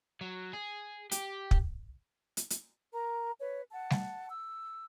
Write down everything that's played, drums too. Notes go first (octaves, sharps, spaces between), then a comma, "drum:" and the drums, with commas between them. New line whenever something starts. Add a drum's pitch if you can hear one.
F#3
G#4
G4, drum: hi-hat
drum: kick
drum: hi-hat
drum: hi-hat
A#4 A#5
B4 C#5
F#5 A5
drum: snare G3
E6